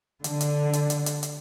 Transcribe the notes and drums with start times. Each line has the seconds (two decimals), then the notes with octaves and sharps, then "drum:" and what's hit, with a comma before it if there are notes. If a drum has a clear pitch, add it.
0.24 D3, drum: hi-hat
0.41 drum: hi-hat
0.73 drum: hi-hat
0.90 drum: hi-hat
1.06 drum: hi-hat
1.23 drum: hi-hat